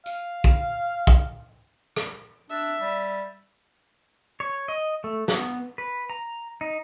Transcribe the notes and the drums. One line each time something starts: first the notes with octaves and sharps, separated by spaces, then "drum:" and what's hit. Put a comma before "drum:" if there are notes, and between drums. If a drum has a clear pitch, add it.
F5, drum: tambourine
drum: kick
drum: kick
drum: rim click
D4 E5
G3
C#5
D#5
A3
B3, drum: snare
B4
A#5
D#4